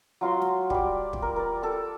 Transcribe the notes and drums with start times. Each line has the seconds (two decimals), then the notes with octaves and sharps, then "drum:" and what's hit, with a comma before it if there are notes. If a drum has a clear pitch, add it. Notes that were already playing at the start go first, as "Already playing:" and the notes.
0.21 F#3 F4 F#4 C6
0.42 drum: snare
0.70 G3 D5, drum: kick
1.13 drum: kick
1.22 A#4
1.36 A#4 D5
1.62 A4 D6